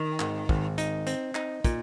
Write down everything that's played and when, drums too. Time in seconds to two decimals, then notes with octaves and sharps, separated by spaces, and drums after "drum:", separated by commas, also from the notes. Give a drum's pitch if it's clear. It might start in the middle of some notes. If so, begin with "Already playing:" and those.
Already playing: D#3
0.20 G#1, drum: clap
0.49 G#1, drum: kick
0.78 D#4, drum: hi-hat
1.07 C4, drum: hi-hat
1.35 D#4, drum: clap
1.64 A#2, drum: kick, hi-hat